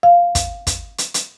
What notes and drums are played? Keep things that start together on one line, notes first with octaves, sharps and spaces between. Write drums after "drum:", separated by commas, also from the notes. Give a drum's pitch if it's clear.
F5
drum: kick, hi-hat
drum: kick, hi-hat
drum: hi-hat
drum: hi-hat